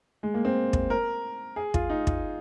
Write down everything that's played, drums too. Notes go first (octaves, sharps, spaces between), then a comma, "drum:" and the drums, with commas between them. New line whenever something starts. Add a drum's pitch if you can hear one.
G#3
A#3
C4
drum: kick
A#4
G#4
F4, drum: kick
D#4
drum: kick